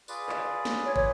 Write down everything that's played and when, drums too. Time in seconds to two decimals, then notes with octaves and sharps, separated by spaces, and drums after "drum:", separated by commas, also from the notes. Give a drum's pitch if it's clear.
0.08 F4 G#4 B4 D5, drum: tambourine
0.29 drum: clap
0.65 drum: snare
0.85 C#5
0.96 C#5, drum: kick